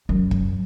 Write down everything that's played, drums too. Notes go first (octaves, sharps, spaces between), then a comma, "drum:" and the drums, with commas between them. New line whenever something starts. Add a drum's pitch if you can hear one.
F#2
drum: kick